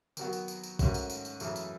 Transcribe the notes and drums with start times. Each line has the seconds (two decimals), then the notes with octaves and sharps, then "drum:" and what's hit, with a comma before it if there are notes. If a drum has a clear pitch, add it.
0.17 D#3 F#3 B3 F#4, drum: tambourine
0.33 drum: tambourine
0.48 drum: tambourine
0.63 drum: tambourine
0.79 G#2 D#3 A3 C#4 F#4, drum: kick, tambourine
0.94 drum: tambourine
1.10 drum: tambourine
1.25 drum: tambourine
1.40 F#2 C#3 E3 A3 E4, drum: tambourine
1.56 drum: tambourine